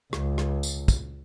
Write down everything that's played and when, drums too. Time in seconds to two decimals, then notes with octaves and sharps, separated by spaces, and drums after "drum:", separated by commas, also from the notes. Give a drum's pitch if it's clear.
0.13 C#2, drum: rim click
0.38 drum: rim click
0.63 drum: tambourine
0.88 drum: kick, tambourine